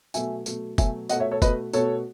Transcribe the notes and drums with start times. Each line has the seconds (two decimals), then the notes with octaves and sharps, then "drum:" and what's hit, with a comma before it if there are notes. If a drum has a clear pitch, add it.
0.14 B2 F#3 A3 E5 G#5, drum: tambourine
0.46 B2 F#3 A3, drum: tambourine
0.78 B2 F#3 A3 E5 G#5, drum: kick, tambourine
1.09 B2 A3 D#5 F#5, drum: tambourine
1.20 C#5 E5
1.31 A4 C#5
1.42 B2 A3 B4 D#5, drum: kick, tambourine
1.73 B2 A3 A4 C#5, drum: tambourine